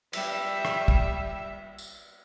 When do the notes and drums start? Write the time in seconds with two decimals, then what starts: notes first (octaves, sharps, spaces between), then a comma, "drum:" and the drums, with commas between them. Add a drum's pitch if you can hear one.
0.13 G3 E5, drum: cymbal
0.65 drum: rim click
0.88 drum: kick
1.78 drum: tambourine